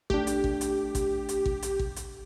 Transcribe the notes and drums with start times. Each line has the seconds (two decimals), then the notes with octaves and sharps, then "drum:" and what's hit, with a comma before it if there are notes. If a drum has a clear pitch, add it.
0.10 A3 D4 G4, drum: kick G#1
0.27 drum: hi-hat
0.44 drum: kick G#1
0.61 drum: hi-hat
0.95 drum: kick G#1, hi-hat
1.29 drum: hi-hat
1.46 drum: kick G#1
1.62 drum: hi-hat
1.79 drum: kick G#1
1.96 drum: hi-hat